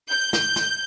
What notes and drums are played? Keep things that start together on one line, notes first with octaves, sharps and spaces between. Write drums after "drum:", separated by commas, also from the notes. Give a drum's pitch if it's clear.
G6
drum: snare
drum: snare